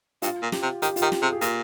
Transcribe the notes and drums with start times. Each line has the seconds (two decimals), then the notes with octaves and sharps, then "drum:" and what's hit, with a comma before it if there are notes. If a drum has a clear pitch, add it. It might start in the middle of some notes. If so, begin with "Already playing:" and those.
0.22 G2 F4, drum: hi-hat
0.42 A#2
0.52 G4, drum: snare
0.62 C3
0.82 D#3 G4, drum: hi-hat
0.96 F4, drum: hi-hat
1.02 D#3 G4
1.12 drum: snare
1.21 C3 G#4
1.33 G#4
1.41 A#2 G4, drum: hi-hat